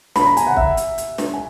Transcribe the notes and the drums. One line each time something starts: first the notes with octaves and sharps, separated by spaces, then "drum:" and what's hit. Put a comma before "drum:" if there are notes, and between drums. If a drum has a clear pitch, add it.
B5, drum: snare
A#5
G#5, drum: hi-hat
F#5
E5, drum: kick
drum: hi-hat
drum: hi-hat
drum: snare
G#5